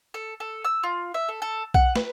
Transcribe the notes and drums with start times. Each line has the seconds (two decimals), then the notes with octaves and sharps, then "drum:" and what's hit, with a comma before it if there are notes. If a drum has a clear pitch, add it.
0.14 A4
0.40 A4
0.65 E6
0.83 F4
1.14 E5
1.28 A4
1.42 A4
1.74 F#5, drum: kick B1
1.96 B4, drum: snare